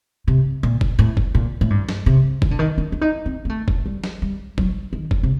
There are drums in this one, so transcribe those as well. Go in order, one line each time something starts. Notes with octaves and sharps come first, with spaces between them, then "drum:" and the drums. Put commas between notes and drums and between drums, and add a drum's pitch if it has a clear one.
C3
A#2
drum: kick
A2
drum: kick
A#2
A2
G2
drum: snare
C3
D#3, drum: kick
D3
D#3
D4
D4
D#4
C4
A#3
A3
drum: kick
G3
drum: snare
G3
F#3, drum: kick
D#3
drum: kick
C3